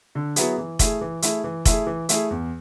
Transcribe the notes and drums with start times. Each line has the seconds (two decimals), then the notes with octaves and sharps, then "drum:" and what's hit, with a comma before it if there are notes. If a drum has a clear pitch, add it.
0.15 D3
0.36 F#3 B3 E4 G#4, drum: hi-hat
0.58 E3
0.79 A3 E4 G#4, drum: kick F1, hi-hat
1.01 E3
1.22 A3 E4 G#4, drum: hi-hat
1.44 E3
1.65 A3 E4 G#4, drum: kick F1, hi-hat
1.87 E3
2.09 A3 E4 G#4, drum: hi-hat
2.31 E2